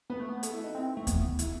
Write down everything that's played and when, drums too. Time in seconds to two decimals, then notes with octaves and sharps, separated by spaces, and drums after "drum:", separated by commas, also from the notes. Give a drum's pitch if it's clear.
0.10 B3 B4
0.19 A3
0.29 B3
0.43 A4, drum: hi-hat
0.53 E4
0.63 D#4
0.74 C4 E4
0.97 A3
1.07 B3, drum: kick D#2, hi-hat
1.39 E4, drum: hi-hat